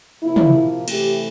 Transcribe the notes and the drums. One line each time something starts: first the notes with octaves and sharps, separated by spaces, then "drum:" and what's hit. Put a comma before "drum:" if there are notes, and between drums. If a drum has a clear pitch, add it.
C3 F3 A#3 E4
drum: tom
C3 E3 A3 G4, drum: cymbal